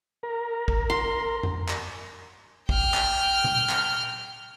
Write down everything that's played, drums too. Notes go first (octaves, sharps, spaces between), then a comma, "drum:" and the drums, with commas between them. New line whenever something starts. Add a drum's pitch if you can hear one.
A#4
drum: kick
C6
drum: tom F2
drum: clap
G5 F6, drum: kick
drum: clap
drum: tom A#2
drum: clap